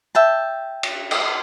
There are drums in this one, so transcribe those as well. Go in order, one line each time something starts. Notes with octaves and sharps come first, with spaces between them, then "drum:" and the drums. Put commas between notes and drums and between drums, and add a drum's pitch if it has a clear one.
E5 G5 A5
drum: cymbal
drum: cymbal